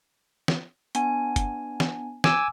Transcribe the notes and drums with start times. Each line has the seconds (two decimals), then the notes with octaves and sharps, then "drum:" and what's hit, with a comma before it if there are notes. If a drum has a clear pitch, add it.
0.48 drum: snare
0.95 B3 D4 G#5, drum: hi-hat
1.36 drum: kick, hi-hat
1.80 drum: snare
2.24 G#5 D6 E6, drum: snare